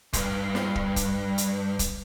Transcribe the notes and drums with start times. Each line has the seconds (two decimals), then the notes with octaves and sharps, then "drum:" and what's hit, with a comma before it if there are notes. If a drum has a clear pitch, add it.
0.13 C#2 G2, drum: kick, hi-hat
0.55 drum: snare
0.76 drum: kick
0.96 drum: kick, hi-hat
1.38 drum: hi-hat
1.79 drum: kick, hi-hat